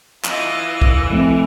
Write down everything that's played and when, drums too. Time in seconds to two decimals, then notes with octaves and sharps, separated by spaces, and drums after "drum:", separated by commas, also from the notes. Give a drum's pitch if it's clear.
0.25 E3 F4 D#5, drum: clap
0.82 drum: kick
1.10 F3 A3 C4